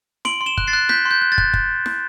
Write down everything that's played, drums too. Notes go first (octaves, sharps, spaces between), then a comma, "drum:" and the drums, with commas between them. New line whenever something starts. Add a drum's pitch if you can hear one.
C6 D7 F#7, drum: snare
C6
E7 G7
F#6, drum: kick
A6 C7
F#6
F#6 G6 B6, drum: snare
C6
G6
F#6
A6
F#6, drum: kick
drum: kick
drum: snare